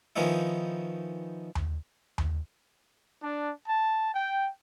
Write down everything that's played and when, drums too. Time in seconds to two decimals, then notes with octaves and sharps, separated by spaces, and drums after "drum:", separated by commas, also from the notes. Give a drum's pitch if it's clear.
0.16 D#3 F3 B3 C#4 D#4 E4
1.55 drum: tom D#2
2.18 drum: tom D#2
3.22 D4
3.68 A5
4.14 G5